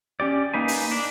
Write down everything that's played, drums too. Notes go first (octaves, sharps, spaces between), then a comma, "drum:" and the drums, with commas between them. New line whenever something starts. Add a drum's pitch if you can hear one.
C#4 G4 D5
A#3 D#4 B4 G#5
drum: open hi-hat
D4